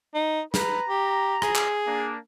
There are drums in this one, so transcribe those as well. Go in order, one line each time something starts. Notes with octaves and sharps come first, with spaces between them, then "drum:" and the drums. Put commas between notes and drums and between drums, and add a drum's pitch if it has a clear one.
D#4
B4 A#5, drum: snare
G4
G#4, drum: rim click
drum: clap
A#3 D4